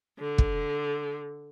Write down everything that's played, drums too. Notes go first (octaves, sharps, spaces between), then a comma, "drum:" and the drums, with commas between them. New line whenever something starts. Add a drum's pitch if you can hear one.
D3
drum: kick